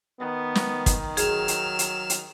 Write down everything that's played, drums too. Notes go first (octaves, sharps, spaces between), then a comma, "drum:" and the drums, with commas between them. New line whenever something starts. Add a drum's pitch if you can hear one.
D#3 B3
drum: snare
drum: kick, hi-hat
F#3 G#4 F6 E7, drum: hi-hat
drum: hi-hat
drum: hi-hat
drum: hi-hat